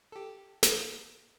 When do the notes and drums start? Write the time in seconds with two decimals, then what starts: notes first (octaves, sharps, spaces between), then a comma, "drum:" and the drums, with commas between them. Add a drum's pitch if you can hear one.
0.12 G4 A4
0.63 drum: snare